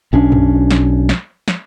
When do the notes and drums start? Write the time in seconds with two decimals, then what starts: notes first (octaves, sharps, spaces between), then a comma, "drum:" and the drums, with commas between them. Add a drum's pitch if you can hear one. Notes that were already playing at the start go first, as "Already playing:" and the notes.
0.13 B1 C#4 D4
0.32 drum: tom
0.71 drum: snare
1.09 drum: snare
1.48 drum: snare